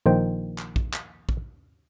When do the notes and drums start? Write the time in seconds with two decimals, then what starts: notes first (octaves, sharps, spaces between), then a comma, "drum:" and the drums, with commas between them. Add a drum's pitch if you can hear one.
0.06 A#1 D#3 C5 G5
0.58 drum: clap
0.76 drum: kick A#1
0.93 drum: clap
1.29 drum: kick A#1